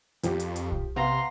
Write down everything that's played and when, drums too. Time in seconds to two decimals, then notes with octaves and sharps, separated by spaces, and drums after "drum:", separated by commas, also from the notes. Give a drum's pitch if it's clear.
0.23 F2 F3 G4, drum: hi-hat
0.40 drum: hi-hat
0.56 drum: hi-hat
0.72 drum: kick
0.96 C3 B3 F5 A#5 C6